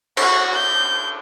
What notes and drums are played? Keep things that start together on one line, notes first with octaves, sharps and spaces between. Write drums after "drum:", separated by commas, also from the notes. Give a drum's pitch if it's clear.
F#4 C#6, drum: cymbal
G6